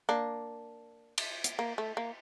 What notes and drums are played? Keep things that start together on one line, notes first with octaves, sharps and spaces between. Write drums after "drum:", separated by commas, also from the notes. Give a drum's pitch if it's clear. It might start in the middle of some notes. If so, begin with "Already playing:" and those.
A#3 D4
drum: cymbal
drum: hi-hat
A#3
A3
A#3